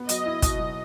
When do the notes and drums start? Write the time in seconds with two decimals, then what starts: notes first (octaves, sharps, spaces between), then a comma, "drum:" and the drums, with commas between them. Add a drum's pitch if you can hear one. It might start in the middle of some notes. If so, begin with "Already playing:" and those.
Already playing: B3
0.09 F#3 D#5, drum: hi-hat
0.26 E4
0.42 B2, drum: kick, hi-hat
0.59 F#3